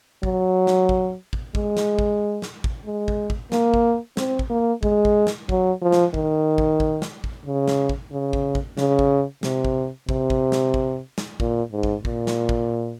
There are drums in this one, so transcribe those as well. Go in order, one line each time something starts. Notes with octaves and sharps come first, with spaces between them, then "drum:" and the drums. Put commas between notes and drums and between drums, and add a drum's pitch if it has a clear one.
F#3, drum: kick
drum: snare
drum: kick
drum: kick
G#3, drum: kick
drum: snare
drum: kick
drum: snare
drum: kick
G#3
drum: kick
drum: kick
A#3, drum: snare
drum: kick
C4, drum: snare
drum: kick
A#3
G#3, drum: kick
drum: kick
drum: snare
F#3, drum: kick
F3
drum: snare
D#3, drum: kick
drum: kick
drum: kick
drum: snare
drum: kick
C#3
drum: snare
drum: kick
C#3
drum: kick
drum: kick
C#3, drum: snare
drum: kick
C3, drum: snare
drum: kick
C3, drum: kick
drum: kick
drum: snare
drum: kick
drum: snare
A#2, drum: kick
G#2
drum: kick
A#2, drum: kick
drum: snare
drum: kick